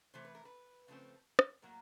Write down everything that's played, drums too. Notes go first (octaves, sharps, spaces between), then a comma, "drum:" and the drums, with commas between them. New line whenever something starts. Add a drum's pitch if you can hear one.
C3 E3 A3 C5
B4
A#4
B4
C#3 F3 A3 C4
drum: rim click
A2 F#3 A#3 A#4